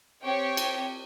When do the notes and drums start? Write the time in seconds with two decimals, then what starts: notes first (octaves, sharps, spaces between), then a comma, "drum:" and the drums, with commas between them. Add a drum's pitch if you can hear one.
0.22 C4 G4 C#5 G5
0.57 drum: cymbal